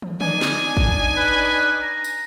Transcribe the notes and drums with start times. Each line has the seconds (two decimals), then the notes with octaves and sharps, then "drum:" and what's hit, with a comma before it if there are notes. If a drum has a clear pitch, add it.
0.02 drum: tom
0.21 D4 D#4 G#5, drum: tom D3
0.41 drum: snare
0.77 drum: kick
1.17 B4
1.82 A#5
2.04 drum: tambourine